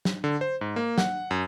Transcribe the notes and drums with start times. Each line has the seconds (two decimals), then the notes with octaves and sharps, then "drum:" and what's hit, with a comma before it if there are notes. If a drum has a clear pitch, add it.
0.05 drum: snare
0.24 D3
0.41 C5
0.61 G#2
0.76 A#3
0.98 F#5, drum: snare
1.31 F#2